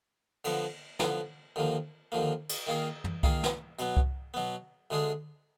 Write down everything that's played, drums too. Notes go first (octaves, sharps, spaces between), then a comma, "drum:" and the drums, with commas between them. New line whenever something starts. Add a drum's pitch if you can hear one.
D3 F3 B3, drum: cymbal
D3 F3 B3, drum: snare
D#2 D3 F3 A#3
D#2 D3 F3 A#3
drum: cymbal
D#3 A#3 F4 G#4
drum: tom
D#3 A#3 F4 G#4, drum: kick C2
drum: snare
B2 F#3 B3, drum: hi-hat
drum: kick C2
B2 F#3 B3
D2 D3 G#3 D4 G#4